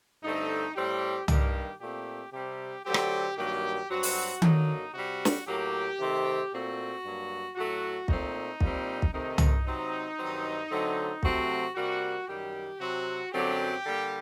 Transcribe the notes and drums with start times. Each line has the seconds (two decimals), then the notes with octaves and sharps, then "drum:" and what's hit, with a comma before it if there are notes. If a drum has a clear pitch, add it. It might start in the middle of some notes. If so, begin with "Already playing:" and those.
0.23 G2 D3 A3 C4 D#4
0.75 A2 G3 C4 G4
1.28 G2 D#3 G3 A#3 G4, drum: tom
1.81 A#2 A3 C4 G4
2.33 C3 G3 C4 G4
2.85 D3 F#3 A3 C4 G4
2.94 drum: rim click
3.37 G2 D#3 F#3 A#3 G4
3.90 G2 F#3 C4 F#4
4.03 drum: open hi-hat
4.42 F#2 D3 F#3 A#3 D#4, drum: tom D#3
4.94 C3 G3 C4 F#4
5.25 drum: snare
5.47 A2 F#3 A#3 G4
5.99 C3 D#3 A3 C4
6.51 A#2 A3 C4 F#4
7.05 G2 F#3 A#3
7.56 A2 F#3 A3 F#4
8.08 A#2 A3 C4 D#4, drum: kick
8.61 A#2 G3 C4, drum: kick
9.02 drum: kick
9.13 C3 D#3 A3 C4 D#4
9.38 drum: tom
9.66 C3 F#3 C4 D#4
10.18 G2 D#3 F#3 C4
10.70 D3 F#3 A3 C4
11.23 C3 F#3 A3 C4 F#4, drum: kick
11.76 C3 G3 A#3 F#4
12.27 F#2 D#3 G3 G4
12.80 C3 F#3 C4 F#4
13.32 F#2 D3 F#3 C4 G4
13.85 D3 G3 A#3